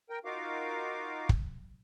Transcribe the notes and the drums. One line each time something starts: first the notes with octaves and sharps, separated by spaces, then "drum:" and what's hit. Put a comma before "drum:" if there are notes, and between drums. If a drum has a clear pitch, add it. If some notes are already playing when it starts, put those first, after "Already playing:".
A#4 G5
D#4 F4 F#4 A#4 F5 D6
drum: kick